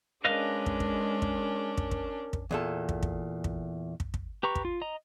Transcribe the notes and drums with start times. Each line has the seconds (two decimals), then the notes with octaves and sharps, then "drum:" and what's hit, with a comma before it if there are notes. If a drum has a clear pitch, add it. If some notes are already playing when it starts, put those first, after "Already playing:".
0.25 G#3 C#4 D4 A#4 B4 D#5 F5
0.66 drum: kick
0.80 drum: kick
1.22 drum: kick
1.77 drum: kick
1.91 drum: kick
2.33 drum: kick
2.51 E2 A#2 A4
2.89 drum: kick
3.03 drum: kick
3.44 drum: kick
4.00 drum: kick
4.14 drum: kick
4.43 G4 B4 A#5 C#6
4.55 drum: kick
4.65 F4
4.82 D#5 A#5